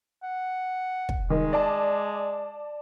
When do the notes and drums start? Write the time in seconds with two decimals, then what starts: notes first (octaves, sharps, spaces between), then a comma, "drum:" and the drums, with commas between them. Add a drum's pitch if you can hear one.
0.23 F#5
1.09 drum: kick
1.30 D#3 G#3
1.53 D5 A5